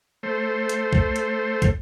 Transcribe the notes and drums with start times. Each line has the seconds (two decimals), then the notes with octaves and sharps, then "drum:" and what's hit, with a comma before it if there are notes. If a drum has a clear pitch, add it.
0.23 A3 C5
0.69 drum: hi-hat
0.93 drum: kick
1.16 drum: hi-hat
1.62 drum: kick, hi-hat